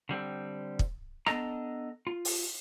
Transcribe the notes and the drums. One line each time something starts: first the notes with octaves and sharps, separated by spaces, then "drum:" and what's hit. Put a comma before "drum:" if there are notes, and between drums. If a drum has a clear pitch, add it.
D3 G3 C4
drum: kick
B3 D4 A4 D#5 A#5, drum: rim click
F4
drum: open hi-hat